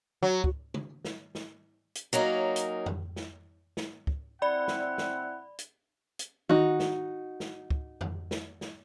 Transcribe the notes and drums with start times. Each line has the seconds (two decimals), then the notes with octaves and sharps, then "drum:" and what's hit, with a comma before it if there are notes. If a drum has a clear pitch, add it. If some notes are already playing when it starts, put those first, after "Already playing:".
0.23 F#3
0.44 drum: kick C#2
0.74 drum: tom C#3
1.05 drum: snare
1.35 drum: snare
1.95 drum: hi-hat
2.13 F#3 A#3 C#4 D#4
2.56 drum: hi-hat
2.86 drum: tom F2
3.16 drum: snare
3.77 drum: snare
4.07 drum: kick C#2
4.42 C4 E4 D5 F#5 B5
4.68 drum: snare
4.98 drum: snare
5.59 drum: hi-hat
6.19 drum: hi-hat
6.49 D#4 F#4, drum: tom D#3
6.80 drum: snare
7.40 drum: snare
7.70 drum: kick C#2
8.01 drum: tom F2
8.31 drum: snare
8.61 drum: snare